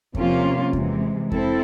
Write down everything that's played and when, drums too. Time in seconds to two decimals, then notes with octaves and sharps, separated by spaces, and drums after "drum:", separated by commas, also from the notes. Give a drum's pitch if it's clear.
0.15 C3 F3 A#3 C#4 F4, drum: kick E2
0.73 C3 E3 G#3, drum: kick E2
1.31 C4 E4 A4, drum: kick E2